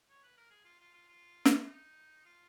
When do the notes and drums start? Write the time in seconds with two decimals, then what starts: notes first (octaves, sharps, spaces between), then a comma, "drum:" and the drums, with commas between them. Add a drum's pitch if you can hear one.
0.10 C#5
0.23 B4
0.37 A#4
0.50 G#4
0.65 F4
0.79 F4
0.94 F4
1.09 F4
1.45 drum: snare
1.67 D#4
2.25 F4